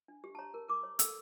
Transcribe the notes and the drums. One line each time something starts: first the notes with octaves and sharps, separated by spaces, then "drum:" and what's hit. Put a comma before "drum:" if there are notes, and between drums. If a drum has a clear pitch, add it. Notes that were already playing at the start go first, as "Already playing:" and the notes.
D4
G4
A5
C#5 A#5
A#4
A#4 D6
C#5
A4 E6, drum: hi-hat